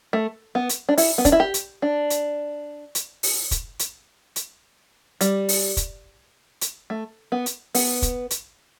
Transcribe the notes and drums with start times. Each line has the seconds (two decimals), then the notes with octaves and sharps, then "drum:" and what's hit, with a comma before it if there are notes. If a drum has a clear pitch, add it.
0.13 A3
0.55 B3
0.69 drum: hi-hat
0.89 D4
0.98 E4, drum: open hi-hat
1.18 B3
1.25 D4, drum: kick, hi-hat
1.32 E4
1.40 G4
1.54 drum: hi-hat
1.82 D4
2.10 drum: hi-hat
2.95 drum: hi-hat
3.23 drum: open hi-hat
3.51 drum: kick, hi-hat
3.79 drum: hi-hat
4.36 drum: hi-hat
5.21 G3, drum: hi-hat
5.49 drum: open hi-hat
5.77 drum: kick, hi-hat
6.61 drum: hi-hat
6.90 A3
7.32 B3
7.46 drum: hi-hat
7.75 B3, drum: open hi-hat
8.02 drum: kick, hi-hat
8.30 drum: hi-hat